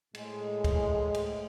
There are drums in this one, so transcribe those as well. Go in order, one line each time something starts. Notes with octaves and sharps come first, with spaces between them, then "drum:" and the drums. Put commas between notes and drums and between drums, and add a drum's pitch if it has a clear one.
A2 G#3, drum: cymbal
drum: kick, cymbal
drum: cymbal